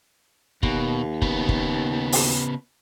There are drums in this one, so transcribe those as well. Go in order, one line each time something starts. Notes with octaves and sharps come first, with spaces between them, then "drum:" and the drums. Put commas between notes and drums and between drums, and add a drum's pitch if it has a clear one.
D#2 B2, drum: kick
C#3 B3, drum: kick
drum: kick
drum: open hi-hat